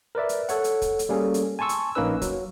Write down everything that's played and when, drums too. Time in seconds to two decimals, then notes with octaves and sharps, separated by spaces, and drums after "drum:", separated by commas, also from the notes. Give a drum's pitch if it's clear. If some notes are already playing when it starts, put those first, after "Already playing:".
0.15 A#4 B4 D5 E5
0.29 drum: hi-hat
0.49 A4 C#5 F#5, drum: hi-hat
0.64 drum: hi-hat
0.82 drum: kick, hi-hat
0.99 drum: hi-hat
1.09 G3 A#3 C#4 G#4 A4
1.34 drum: hi-hat
1.59 G#5 A5 C6 C#6 E6
1.69 drum: hi-hat
1.95 A#1 A#3 C#4 D#4 B4 E6
2.22 F#3, drum: kick, hi-hat